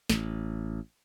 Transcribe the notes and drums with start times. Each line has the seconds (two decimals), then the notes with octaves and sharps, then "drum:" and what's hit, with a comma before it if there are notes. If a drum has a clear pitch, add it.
0.09 A1, drum: snare